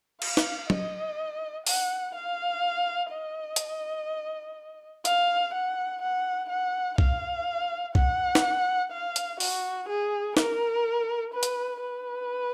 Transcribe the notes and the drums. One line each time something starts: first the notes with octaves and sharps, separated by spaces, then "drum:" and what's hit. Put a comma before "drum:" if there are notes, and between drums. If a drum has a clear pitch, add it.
F5, drum: cymbal
drum: snare
D#5, drum: tom
F#5, drum: open hi-hat
F5
D#5
drum: hi-hat
F5, drum: hi-hat
F#5
F#5
F#5
F5, drum: kick
F#5, drum: kick
drum: snare
F5
drum: hi-hat
F#4, drum: open hi-hat
G#4
A#4, drum: snare
B4
drum: hi-hat
B4